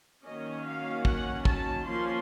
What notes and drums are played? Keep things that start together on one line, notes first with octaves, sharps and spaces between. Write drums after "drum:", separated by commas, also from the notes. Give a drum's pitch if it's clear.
D#3 F#3 A#3 C#4 D#5
F5
F#5, drum: kick
A5, drum: kick
F3 A#3 C#4 C6